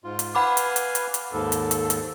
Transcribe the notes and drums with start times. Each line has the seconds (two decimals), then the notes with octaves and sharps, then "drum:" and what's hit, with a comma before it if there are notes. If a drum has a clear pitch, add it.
0.04 G#2 F4
0.19 drum: hi-hat
0.35 B4 F5 F#5 G#5 B5 D6
0.57 drum: hi-hat
0.76 drum: hi-hat
0.95 drum: hi-hat
1.14 drum: hi-hat
1.33 D#2 G#2 A4
1.52 drum: hi-hat
1.71 drum: hi-hat
1.90 drum: hi-hat